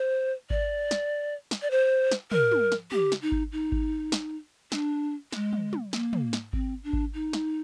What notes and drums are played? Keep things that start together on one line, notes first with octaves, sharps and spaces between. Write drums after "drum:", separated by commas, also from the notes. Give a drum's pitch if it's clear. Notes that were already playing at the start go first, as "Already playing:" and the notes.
Already playing: C5
D5, drum: kick G#1
drum: snare
drum: snare
D5
C5
drum: snare
A#4, drum: tom
drum: tom
drum: snare
G4, drum: tom
drum: snare
D#4
drum: kick G#1
D#4
drum: kick G#1
drum: snare
D4, drum: snare
G#3, drum: snare
drum: tom
drum: tom
A#3, drum: snare
drum: tom
drum: snare
C4, drum: kick G#1
D4
drum: kick G#1
D#4
drum: snare